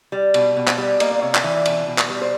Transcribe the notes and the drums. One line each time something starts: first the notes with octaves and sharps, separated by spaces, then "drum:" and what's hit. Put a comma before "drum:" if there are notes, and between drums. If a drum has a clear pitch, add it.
G3
B2, drum: cymbal
B2
drum: clap
G3
A#3 D#5, drum: cymbal
D5
C3 C#5
D5, drum: clap
E3
B2, drum: cymbal
B2
drum: clap
G3
C5